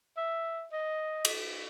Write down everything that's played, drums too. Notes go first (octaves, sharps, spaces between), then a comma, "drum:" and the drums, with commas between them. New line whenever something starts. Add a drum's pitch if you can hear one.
E5
D#5
drum: cymbal